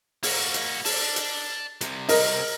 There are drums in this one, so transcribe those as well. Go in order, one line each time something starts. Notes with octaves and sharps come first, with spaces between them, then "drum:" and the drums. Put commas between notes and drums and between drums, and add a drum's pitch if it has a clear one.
A#3 F#4, drum: open hi-hat
drum: hi-hat
D5 A5, drum: open hi-hat
drum: hi-hat
C2 C3, drum: hi-hat
A#4 D#5, drum: open hi-hat